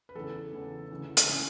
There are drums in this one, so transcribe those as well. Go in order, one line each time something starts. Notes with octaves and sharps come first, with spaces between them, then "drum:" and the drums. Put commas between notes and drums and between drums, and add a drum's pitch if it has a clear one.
B4
E2 C#3 E3 A4
E2 C#3 E3
D2 C#3 E3
drum: hi-hat
C#3 E3 C#4